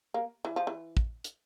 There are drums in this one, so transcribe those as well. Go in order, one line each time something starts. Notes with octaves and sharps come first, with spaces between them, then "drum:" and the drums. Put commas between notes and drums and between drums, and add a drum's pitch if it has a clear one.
A#3
E3
F3
E3
drum: kick
drum: hi-hat